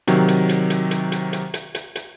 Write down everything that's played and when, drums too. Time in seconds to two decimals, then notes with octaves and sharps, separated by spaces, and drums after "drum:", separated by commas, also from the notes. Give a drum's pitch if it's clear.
0.07 C3 D#3 F#3, drum: hi-hat
0.28 drum: hi-hat
0.49 drum: hi-hat
0.70 drum: hi-hat
0.91 drum: hi-hat
1.12 drum: hi-hat
1.33 drum: hi-hat
1.54 drum: hi-hat
1.75 drum: hi-hat
1.95 drum: hi-hat